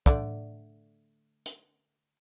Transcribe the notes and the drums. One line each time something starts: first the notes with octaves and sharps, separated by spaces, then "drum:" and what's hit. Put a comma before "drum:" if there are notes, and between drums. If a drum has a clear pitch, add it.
D3 A3 D5, drum: kick
drum: hi-hat